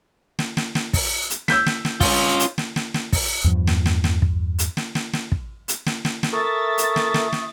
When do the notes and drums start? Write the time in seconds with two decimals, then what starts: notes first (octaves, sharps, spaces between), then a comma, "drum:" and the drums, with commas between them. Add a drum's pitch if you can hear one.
0.39 drum: snare
0.57 drum: snare
0.75 drum: snare
0.93 drum: kick, open hi-hat
1.30 drum: hi-hat
1.48 E6 G6 B6, drum: snare
1.66 drum: snare
1.85 drum: snare
2.00 C#4 F4, drum: kick, open hi-hat
2.39 drum: hi-hat
2.58 drum: snare
2.76 drum: snare
2.94 drum: snare
3.13 drum: kick, open hi-hat
3.44 E2 G2 F3
3.67 drum: snare
3.86 drum: snare
4.04 drum: snare
4.22 drum: kick
4.59 drum: hi-hat
4.77 drum: snare
4.95 drum: snare
5.13 drum: snare
5.32 drum: kick
5.68 drum: hi-hat
5.86 drum: snare
6.05 drum: snare
6.23 drum: snare
6.33 A4 A#4 E5 C#6 D#6 A6
6.78 drum: hi-hat
6.96 drum: snare
7.14 drum: snare
7.32 drum: snare